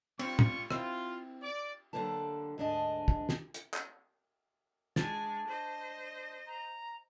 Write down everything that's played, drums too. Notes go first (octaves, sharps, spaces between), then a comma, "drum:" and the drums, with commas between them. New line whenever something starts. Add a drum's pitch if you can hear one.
G3 C4 F4 C#6, drum: cymbal
drum: tom
C4 E4 F4, drum: rim click
D5 D6
D3 F#3 A#3 G4 B4 A5
D2 G#2 D4 G#4 D#5 A5
drum: kick
drum: snare
drum: hi-hat
drum: clap
G#3 D4 G#5 A5, drum: snare
C5 D#5
A#5